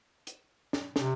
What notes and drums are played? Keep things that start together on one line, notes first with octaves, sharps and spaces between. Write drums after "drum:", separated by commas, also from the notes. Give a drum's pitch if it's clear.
drum: hi-hat
drum: snare
C3, drum: snare